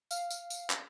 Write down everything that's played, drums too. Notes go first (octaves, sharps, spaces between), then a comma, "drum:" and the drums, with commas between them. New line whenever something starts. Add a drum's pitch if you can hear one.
F5, drum: tambourine
drum: tambourine
drum: tambourine
drum: clap